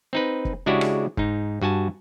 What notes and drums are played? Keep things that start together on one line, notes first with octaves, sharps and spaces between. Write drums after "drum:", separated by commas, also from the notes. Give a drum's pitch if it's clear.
C4 D#4 B4
drum: kick
C#3 G#3 D4 E4 F#4 G4
drum: rim click
G#2 D#4, drum: kick
G2 F#4 G#5 A5